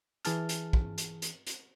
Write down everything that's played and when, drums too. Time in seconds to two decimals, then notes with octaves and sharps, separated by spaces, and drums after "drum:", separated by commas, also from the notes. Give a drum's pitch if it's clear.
0.25 E3 G#4 A5 F6, drum: hi-hat
0.49 drum: hi-hat
0.73 drum: kick
0.98 drum: hi-hat
1.22 drum: hi-hat
1.47 drum: hi-hat